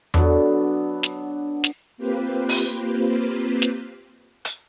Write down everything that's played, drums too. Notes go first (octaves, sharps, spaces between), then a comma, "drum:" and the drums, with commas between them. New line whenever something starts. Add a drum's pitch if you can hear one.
D3 F#3 B3 D4, drum: tom E2
drum: snare
drum: snare
A#3 C4 F4 G4 B4 C5
drum: open hi-hat
drum: snare
drum: hi-hat